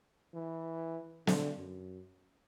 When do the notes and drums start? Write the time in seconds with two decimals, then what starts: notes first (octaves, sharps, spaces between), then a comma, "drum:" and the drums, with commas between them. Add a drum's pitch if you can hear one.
0.34 E3
1.27 D3, drum: snare
1.57 F#2